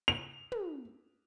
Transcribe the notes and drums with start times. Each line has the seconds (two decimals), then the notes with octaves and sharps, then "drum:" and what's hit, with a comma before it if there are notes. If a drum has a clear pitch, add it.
0.08 F7
0.52 drum: tom